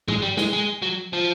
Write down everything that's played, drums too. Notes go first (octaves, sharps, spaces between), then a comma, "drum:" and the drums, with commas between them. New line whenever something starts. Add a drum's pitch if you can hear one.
G#3, drum: tom G2
G3
G#3, drum: snare
G#3
F#3
F3